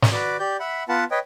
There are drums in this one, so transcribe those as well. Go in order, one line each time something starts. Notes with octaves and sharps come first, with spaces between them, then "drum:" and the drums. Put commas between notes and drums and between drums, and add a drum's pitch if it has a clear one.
drum: snare
F#4 B4 D5 D6
G4 D5 G6
E5 F#5 B5
B3 F4 B4 F#5 A5
B4 C#5 D#5 G5